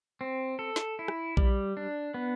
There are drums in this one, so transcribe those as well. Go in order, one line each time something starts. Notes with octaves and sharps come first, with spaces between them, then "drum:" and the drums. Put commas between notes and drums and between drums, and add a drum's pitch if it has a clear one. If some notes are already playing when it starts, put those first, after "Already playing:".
C4
A4
drum: snare
E4
drum: rim click
G3, drum: kick A#1
D4
B3